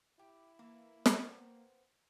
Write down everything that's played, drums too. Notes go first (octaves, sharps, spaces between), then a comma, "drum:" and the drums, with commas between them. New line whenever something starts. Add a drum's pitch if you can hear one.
E4 G4
E3 A#3
B3 C4, drum: snare